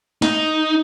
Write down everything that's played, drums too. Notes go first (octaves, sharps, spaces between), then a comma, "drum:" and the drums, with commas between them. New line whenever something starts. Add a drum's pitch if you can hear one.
D#4, drum: snare